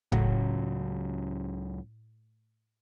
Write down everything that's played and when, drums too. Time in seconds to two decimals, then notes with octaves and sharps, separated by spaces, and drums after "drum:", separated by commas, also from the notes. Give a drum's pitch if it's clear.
0.12 C#2 A2 C#3 F#3, drum: kick